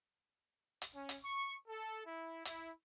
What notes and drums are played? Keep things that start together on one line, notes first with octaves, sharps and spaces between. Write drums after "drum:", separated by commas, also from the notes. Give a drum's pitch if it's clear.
drum: hi-hat
C#4
drum: hi-hat
C#6
A4
E4
E4, drum: hi-hat